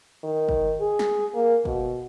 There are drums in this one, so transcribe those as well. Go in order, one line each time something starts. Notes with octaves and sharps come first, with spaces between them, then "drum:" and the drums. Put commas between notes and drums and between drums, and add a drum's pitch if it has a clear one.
D#3
drum: kick
G#4
drum: snare
A#3
B2, drum: kick